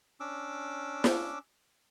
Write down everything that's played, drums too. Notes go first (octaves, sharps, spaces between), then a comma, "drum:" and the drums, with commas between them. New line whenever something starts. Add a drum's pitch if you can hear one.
C#4 D4 D6 E6
drum: snare